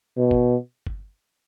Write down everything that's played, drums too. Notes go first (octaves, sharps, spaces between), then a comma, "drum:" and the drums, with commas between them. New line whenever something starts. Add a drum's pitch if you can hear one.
B2
drum: kick G1
drum: kick G1